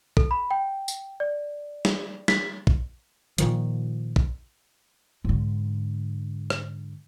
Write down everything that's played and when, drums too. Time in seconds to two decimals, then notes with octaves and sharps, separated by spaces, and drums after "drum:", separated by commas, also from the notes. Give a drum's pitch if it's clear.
0.17 A4, drum: kick
0.31 B5
0.51 G5
0.88 drum: tambourine
1.20 D5
1.85 drum: snare
2.28 B6, drum: snare
2.67 drum: kick
3.38 A#2 D#3 F3, drum: hi-hat
4.16 drum: kick
5.24 G#2 D3
6.50 drum: rim click